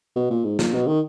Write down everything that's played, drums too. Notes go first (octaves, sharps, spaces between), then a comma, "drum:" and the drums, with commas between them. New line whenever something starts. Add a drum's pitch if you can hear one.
B2
A#2
G#2
A#2, drum: snare
B2
D#3